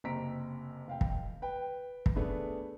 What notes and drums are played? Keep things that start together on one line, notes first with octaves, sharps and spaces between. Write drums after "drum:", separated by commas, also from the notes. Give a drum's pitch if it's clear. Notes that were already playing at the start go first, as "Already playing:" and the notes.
F#1 C3 A#5 B6 D7
F1 F5 G5
drum: kick
B4 G5
drum: kick
A3 B3 D4 G#4